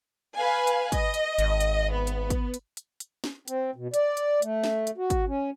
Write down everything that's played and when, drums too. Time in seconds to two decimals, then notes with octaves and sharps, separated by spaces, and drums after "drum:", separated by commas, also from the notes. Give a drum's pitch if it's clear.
0.36 B4 F5 G#5
0.67 drum: hi-hat
0.92 D#5, drum: kick, hi-hat
1.14 drum: hi-hat
1.39 G#1, drum: hi-hat
1.60 drum: hi-hat
1.91 B3
2.07 drum: hi-hat
2.30 drum: kick, hi-hat
2.54 drum: hi-hat
2.77 drum: hi-hat
3.00 drum: hi-hat
3.24 drum: snare
3.48 C4, drum: hi-hat
3.76 B2
3.94 D5, drum: hi-hat
4.17 drum: hi-hat
4.42 A3, drum: hi-hat
4.64 drum: snare
4.87 drum: hi-hat
4.97 F#4
5.10 drum: kick, hi-hat
5.28 C#4